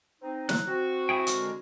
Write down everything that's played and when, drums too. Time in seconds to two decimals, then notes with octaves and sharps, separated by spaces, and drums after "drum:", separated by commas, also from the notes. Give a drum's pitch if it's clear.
0.22 C4 D#4
0.49 F#3 F#6, drum: snare
0.66 C4 F#4
1.09 E4 G#4 G5
1.27 D3 G#3 A#4, drum: hi-hat